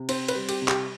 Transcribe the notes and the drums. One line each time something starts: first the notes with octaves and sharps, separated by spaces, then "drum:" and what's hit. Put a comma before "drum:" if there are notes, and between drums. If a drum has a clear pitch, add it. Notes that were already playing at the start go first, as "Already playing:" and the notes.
Already playing: C3
C4 C5, drum: cymbal
B4, drum: cymbal
G3
G4, drum: cymbal
C3
G4, drum: clap